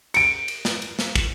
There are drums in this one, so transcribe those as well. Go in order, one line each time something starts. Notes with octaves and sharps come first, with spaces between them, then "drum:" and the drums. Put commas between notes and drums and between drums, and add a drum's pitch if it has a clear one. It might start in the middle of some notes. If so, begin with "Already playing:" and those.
C#7 D7, drum: cymbal
drum: cymbal
drum: snare
drum: cymbal
drum: snare
drum: kick, cymbal